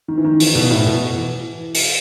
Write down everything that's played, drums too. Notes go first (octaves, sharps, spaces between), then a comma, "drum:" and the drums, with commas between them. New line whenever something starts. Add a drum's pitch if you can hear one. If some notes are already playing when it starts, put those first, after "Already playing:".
D#3
E3
D#3
E3, drum: open hi-hat
B2
A2
B2
E3
drum: open hi-hat